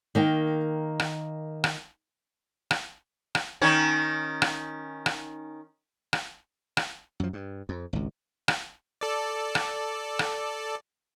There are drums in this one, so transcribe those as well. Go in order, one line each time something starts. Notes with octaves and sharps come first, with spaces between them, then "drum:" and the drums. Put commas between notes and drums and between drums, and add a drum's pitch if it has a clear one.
D#3 A#3 G5
drum: rim click
drum: rim click
drum: rim click
drum: rim click
D#3 C#4 C#5
drum: rim click
drum: rim click
drum: rim click
drum: rim click
F#2 F3
G2
F2
G#1 C#2
drum: rim click
A4 D5
drum: rim click
drum: rim click